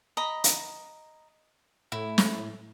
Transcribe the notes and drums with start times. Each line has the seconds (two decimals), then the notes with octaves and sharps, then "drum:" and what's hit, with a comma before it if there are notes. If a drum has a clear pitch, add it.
0.17 D#5 A#5 B5
0.44 drum: hi-hat
1.92 A2 E4
2.18 drum: snare